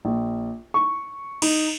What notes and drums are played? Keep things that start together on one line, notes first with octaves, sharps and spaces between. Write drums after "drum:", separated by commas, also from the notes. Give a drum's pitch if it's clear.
A#1
C#6
D#4, drum: cymbal